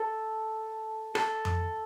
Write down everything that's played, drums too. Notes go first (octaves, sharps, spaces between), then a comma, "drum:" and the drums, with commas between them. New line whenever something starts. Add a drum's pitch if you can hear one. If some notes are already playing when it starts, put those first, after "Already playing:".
Already playing: A4
A4, drum: rim click
drum: tom F2